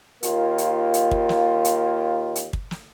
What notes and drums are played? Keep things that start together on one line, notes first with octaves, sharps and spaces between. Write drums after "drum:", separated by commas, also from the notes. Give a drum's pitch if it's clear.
D#2 A#3 F4, drum: hi-hat
drum: hi-hat
drum: hi-hat
drum: kick
drum: snare
drum: hi-hat
drum: hi-hat
drum: kick
drum: snare